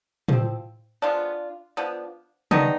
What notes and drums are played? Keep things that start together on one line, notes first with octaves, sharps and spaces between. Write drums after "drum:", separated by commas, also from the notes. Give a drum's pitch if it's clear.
F3 C4, drum: tom
F3 G#3 B3 D4 F4
F3 B3 D4
D#3 B3 D4 D#4, drum: tom